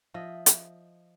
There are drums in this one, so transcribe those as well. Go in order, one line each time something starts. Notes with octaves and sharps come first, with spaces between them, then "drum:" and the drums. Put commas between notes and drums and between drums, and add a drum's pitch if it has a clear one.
F3 D#5 E5
drum: hi-hat